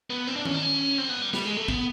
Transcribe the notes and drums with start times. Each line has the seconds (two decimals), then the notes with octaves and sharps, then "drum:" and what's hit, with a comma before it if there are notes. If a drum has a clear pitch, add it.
0.10 B3
0.27 C4
0.36 D4
0.45 C#4, drum: tom D#3
0.54 D4
0.62 C#4
0.98 C4
1.09 B3
1.22 G3
1.33 G3, drum: snare
1.45 G#3
1.57 A3
1.68 B3, drum: kick